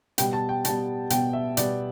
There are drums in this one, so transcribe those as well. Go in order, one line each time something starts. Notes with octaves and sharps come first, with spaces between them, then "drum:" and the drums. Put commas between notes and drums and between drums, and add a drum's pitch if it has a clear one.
B2 G3 B3 G5, drum: hi-hat
A5
G5
B2 G3 B3 A5, drum: hi-hat
B2 G3 B3 G5, drum: hi-hat
E5
B2 G3 B3 D5, drum: hi-hat